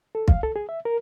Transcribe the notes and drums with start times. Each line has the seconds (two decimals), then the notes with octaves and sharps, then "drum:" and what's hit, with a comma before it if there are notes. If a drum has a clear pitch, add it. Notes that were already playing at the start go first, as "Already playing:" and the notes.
0.15 A4
0.28 F5, drum: kick
0.43 A4
0.56 G#4
0.69 E5
0.85 A#4